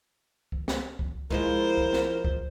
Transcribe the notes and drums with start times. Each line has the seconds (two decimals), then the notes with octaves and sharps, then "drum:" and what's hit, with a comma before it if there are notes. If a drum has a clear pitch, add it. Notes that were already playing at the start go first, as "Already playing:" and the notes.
0.52 drum: kick C2
0.68 drum: snare
0.99 drum: kick C2
1.31 F3 G#3 E4 F4 A#4 C5, drum: kick C2
1.78 drum: kick C2
1.93 drum: snare
2.24 drum: kick C2